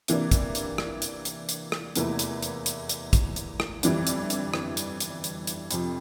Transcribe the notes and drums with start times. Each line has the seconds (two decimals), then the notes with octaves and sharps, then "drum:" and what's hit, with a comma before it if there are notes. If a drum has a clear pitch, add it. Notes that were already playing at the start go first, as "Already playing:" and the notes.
0.08 C3 E3 A#3 D4, drum: hi-hat
0.31 drum: kick, hi-hat
0.55 drum: hi-hat
0.78 drum: rim click
1.02 drum: hi-hat
1.25 drum: hi-hat
1.49 drum: hi-hat
1.72 drum: rim click
1.95 F1 E2 E3 A#3 E4, drum: hi-hat
2.19 drum: hi-hat
2.43 drum: hi-hat
2.66 drum: hi-hat
2.89 drum: hi-hat
3.13 drum: kick, hi-hat
3.36 drum: hi-hat
3.60 drum: rim click
3.83 G1 F2 E3 G3 D4, drum: hi-hat
4.07 drum: hi-hat
4.30 drum: hi-hat
4.54 drum: rim click
4.77 drum: hi-hat
5.00 drum: hi-hat
5.24 drum: hi-hat
5.47 drum: hi-hat
5.71 F2 C3 F3, drum: hi-hat